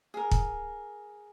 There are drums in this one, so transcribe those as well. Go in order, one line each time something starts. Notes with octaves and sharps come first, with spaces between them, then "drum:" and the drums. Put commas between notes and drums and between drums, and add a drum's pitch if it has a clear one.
G#4 A#4
drum: kick